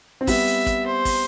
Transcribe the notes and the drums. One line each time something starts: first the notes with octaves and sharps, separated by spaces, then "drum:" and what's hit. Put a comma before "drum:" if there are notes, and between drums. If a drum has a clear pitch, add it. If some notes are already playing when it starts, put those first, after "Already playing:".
C4
G3 B3 E5, drum: kick, open hi-hat
drum: hi-hat
drum: kick, hi-hat
C5
drum: kick, open hi-hat